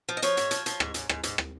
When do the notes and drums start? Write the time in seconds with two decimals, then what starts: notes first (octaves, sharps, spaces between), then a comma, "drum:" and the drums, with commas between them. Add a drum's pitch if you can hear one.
0.09 F3
0.17 D#5
0.22 F3 C#5, drum: hi-hat
0.37 G#2, drum: hi-hat
0.51 F3, drum: hi-hat
0.66 F3, drum: hi-hat
0.80 G#2, drum: rim click
0.94 G#2, drum: hi-hat
1.09 G#2, drum: rim click
1.23 G#2, drum: hi-hat
1.38 drum: rim click